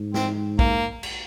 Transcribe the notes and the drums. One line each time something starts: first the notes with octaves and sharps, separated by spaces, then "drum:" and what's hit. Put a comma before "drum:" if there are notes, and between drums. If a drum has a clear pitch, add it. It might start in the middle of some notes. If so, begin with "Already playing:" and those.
Already playing: G#2
C4, drum: snare
A#3, drum: kick A#1
drum: cymbal